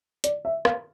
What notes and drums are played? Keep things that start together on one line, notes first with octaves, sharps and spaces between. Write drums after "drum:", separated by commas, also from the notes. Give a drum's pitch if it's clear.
D5, drum: hi-hat
E5
F5, drum: rim click